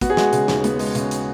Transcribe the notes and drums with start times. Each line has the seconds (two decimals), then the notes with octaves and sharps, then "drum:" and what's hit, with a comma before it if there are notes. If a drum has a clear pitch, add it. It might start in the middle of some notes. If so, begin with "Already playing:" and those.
0.01 B3 F#4, drum: kick, hi-hat
0.10 G#4
0.17 G#3 F#4, drum: snare
0.33 C#3, drum: hi-hat
0.48 D#2, drum: snare
0.64 B3, drum: hi-hat
0.79 G#3, drum: open hi-hat
0.95 C#3, drum: hi-hat
1.11 drum: hi-hat